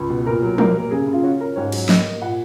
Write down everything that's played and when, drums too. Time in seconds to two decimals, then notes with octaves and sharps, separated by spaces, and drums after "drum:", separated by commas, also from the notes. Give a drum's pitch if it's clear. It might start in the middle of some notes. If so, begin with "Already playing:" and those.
Already playing: C#2
0.10 B2
0.26 A#2 A#4
0.42 F#3
0.58 A#3 A#4, drum: tom
0.75 A#3
0.91 C#3 G#4
1.07 C#3
1.13 F4
1.23 C#4 F#4
1.40 C#4 A#4
1.56 G#2 C#5
1.72 F#3, drum: cymbal
1.89 A#3 D#5, drum: snare
2.05 A#3
2.22 A#2 F#5